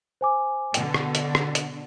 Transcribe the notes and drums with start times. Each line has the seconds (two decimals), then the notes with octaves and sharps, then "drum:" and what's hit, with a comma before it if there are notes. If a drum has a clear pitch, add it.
0.21 C5 G#5 D6
0.74 B2 D3 G5, drum: hi-hat
0.94 drum: rim click
1.15 drum: hi-hat
1.35 drum: rim click
1.55 drum: hi-hat